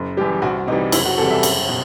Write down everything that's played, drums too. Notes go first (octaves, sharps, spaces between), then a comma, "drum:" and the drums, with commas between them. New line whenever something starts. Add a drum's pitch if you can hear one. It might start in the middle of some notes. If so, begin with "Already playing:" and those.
Already playing: F#1
F#2 E3 G3 G4
C2 F#4
C3 E3 G3 D#4
F#1 E4, drum: cymbal
F#4
E2 C3 E3 G3 A4
E5
F#1, drum: cymbal
B2